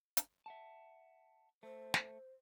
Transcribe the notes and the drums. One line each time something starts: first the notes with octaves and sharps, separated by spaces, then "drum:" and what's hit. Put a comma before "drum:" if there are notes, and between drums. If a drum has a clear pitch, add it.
drum: hi-hat
E5 F#5 A5
A3 C5
drum: snare